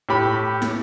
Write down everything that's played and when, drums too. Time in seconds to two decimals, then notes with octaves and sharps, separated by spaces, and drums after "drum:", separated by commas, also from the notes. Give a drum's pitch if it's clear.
0.09 A2 G4 B5
0.62 drum: snare